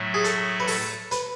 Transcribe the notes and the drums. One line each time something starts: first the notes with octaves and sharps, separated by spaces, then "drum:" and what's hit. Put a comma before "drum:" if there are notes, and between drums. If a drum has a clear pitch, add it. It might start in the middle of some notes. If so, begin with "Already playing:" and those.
Already playing: A2 F#3 A3
G#4
A4, drum: hi-hat
B4
A4, drum: open hi-hat
B4, drum: hi-hat